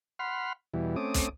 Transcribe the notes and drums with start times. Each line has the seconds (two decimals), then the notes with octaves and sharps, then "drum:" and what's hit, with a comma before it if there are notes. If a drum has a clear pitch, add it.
0.19 F#5 B5 C6 F6
0.74 E2 B2 E3 G3
0.96 A3 C4 C#4 D6 D#6
1.14 drum: kick, hi-hat